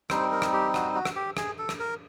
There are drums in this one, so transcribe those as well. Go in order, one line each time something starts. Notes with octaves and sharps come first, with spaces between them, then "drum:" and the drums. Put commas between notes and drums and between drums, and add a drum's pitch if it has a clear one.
G3 C4 D#4 C5, drum: rim click
A#4
drum: rim click
G4
F#4, drum: rim click
F#4
drum: rim click
G4
G#4, drum: rim click
A4
drum: rim click
A#4